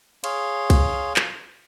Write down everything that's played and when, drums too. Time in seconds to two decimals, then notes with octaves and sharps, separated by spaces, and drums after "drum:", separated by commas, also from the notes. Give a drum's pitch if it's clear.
0.24 G#4 C#5 F5 C6, drum: cymbal
0.70 drum: kick C2, cymbal
1.16 drum: clap